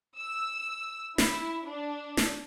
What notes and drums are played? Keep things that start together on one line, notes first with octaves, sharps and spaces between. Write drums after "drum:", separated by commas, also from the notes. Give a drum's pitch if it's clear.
E6
E4, drum: snare
D4
drum: snare